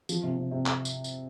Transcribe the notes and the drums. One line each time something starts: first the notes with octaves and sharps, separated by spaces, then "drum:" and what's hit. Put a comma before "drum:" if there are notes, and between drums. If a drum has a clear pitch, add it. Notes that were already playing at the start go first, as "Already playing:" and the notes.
F3, drum: tambourine
C3
C3
C3
drum: clap
drum: tambourine
drum: tambourine